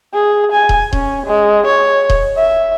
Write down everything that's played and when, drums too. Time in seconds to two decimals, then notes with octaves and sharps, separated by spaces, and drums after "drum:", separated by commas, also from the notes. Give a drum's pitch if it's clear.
0.14 G#4
0.52 G#5
0.69 drum: kick D#1
0.93 C#4, drum: kick D#1
1.26 G#3
1.67 C#5
2.10 drum: kick D#1
2.37 E5